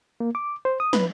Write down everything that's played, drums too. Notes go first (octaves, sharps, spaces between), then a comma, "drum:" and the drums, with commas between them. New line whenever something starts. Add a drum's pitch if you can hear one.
A#3
D6
C5
D#6
B4, drum: snare